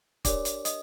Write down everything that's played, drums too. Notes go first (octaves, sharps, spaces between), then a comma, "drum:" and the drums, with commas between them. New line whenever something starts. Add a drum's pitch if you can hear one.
D4 G4 A#4 C#5 D5 D6, drum: kick, hi-hat
drum: hi-hat
D#5 D#6, drum: hi-hat